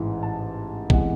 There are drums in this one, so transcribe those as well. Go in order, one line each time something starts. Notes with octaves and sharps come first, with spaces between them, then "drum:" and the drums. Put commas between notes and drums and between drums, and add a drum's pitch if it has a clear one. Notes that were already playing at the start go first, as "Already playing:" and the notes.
Already playing: A1 G#2 E3
A5
E2 C3 E3 G#3 F#5, drum: kick A#1